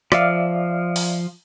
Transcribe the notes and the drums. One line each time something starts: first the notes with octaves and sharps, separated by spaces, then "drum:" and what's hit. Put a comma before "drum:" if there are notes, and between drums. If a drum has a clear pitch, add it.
F3 D5 E5 F5, drum: rim click
drum: open hi-hat